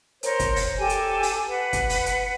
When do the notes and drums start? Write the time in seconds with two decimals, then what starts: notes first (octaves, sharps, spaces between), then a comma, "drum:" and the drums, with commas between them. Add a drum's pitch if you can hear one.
0.23 A#4 C5 C#5, drum: hi-hat
0.39 drum: kick, hi-hat
0.56 drum: open hi-hat
0.78 G4 A4 G#5
0.89 drum: hi-hat
1.23 drum: open hi-hat
1.47 B4 F#5
1.73 drum: kick, hi-hat
1.89 drum: open hi-hat
2.06 drum: hi-hat